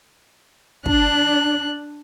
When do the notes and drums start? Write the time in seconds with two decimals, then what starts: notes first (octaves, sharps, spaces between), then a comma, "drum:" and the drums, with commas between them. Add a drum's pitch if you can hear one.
0.86 D4 F#6, drum: kick